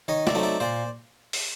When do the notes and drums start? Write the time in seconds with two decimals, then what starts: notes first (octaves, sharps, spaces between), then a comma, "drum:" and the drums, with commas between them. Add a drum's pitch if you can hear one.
0.08 D#3 C#5 D#5
0.27 D5 E5, drum: snare
0.35 F#3 A3 C4 D#4
0.43 D5 E5
0.60 A#2 C5 D5
1.33 drum: open hi-hat